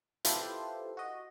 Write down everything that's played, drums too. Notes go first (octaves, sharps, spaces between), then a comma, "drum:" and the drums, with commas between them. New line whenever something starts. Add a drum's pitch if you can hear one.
E4 F4 G4 A4 B4 C5, drum: hi-hat
F#4 D#5